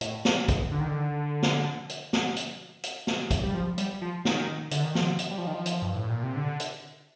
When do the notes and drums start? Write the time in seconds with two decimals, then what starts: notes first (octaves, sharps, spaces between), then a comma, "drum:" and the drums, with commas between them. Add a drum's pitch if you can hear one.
0.01 A2, drum: hi-hat
0.25 drum: snare
0.48 drum: kick, hi-hat
0.72 D3
0.80 D#3
0.88 D3
1.42 drum: snare
1.89 drum: hi-hat
2.13 drum: snare
2.37 drum: hi-hat
2.84 drum: hi-hat
3.07 drum: snare
3.31 drum: kick, hi-hat
3.43 G3
3.54 F3
3.78 G3, drum: hi-hat
4.02 F3
4.25 D#3, drum: snare
4.71 D3, drum: hi-hat
4.83 D#3
4.95 F3, drum: snare
5.19 drum: hi-hat
5.31 G3
5.38 F3
5.47 D#3
5.54 F3
5.66 drum: hi-hat
5.82 G2
5.95 A2
6.09 A#2
6.23 C3
6.36 D3
6.60 drum: hi-hat